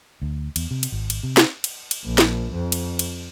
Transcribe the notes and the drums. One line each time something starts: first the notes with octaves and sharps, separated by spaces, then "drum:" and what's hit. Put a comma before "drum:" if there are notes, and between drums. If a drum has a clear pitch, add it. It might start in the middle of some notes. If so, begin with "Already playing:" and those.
D2
E2, drum: cymbal
C3
drum: cymbal
G#1
drum: cymbal
C3
drum: snare
drum: cymbal
drum: cymbal
A#1
drum: snare
F2
drum: cymbal
drum: cymbal